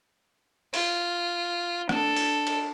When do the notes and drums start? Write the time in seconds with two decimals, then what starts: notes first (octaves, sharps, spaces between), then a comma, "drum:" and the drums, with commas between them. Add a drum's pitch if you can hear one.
0.74 F4, drum: open hi-hat
1.89 D4 A4, drum: rim click
2.16 drum: open hi-hat
2.47 drum: cymbal